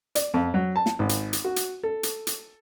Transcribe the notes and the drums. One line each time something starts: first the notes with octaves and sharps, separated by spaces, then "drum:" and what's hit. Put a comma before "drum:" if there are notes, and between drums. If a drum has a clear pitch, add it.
D5, drum: hi-hat
F2
F#3
A5
drum: snare
G#1
drum: hi-hat
drum: hi-hat
F#4
drum: hi-hat
A4
drum: hi-hat
drum: hi-hat